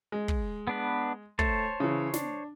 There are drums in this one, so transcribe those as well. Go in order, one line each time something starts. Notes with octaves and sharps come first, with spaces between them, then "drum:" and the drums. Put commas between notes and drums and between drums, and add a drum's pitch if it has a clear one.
G#3
drum: kick
B3 D4 B4
A3 C5 C#5 A5, drum: kick
C#3 E3
D4, drum: snare